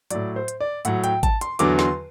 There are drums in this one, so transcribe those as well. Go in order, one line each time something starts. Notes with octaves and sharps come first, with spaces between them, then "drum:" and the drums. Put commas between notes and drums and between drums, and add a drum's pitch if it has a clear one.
A2 F#3 D5, drum: hi-hat
C5
drum: hi-hat
D5
A2 F#3 F#5, drum: hi-hat
G5, drum: hi-hat
A5, drum: kick G#1, hi-hat
C6, drum: hi-hat
E2 D3 F#3 D6, drum: hi-hat
C6, drum: snare